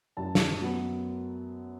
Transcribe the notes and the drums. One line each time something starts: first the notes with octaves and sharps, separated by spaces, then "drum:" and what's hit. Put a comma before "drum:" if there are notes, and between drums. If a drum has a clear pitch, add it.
F#2 A5
drum: snare
F#3 B3